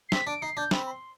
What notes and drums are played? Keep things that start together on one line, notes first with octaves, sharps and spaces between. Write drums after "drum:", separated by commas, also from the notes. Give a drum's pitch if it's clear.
C7
C4 B6, drum: snare
D4 D7
D#4 C7
D4 G6
C4 B5, drum: snare
B5
C6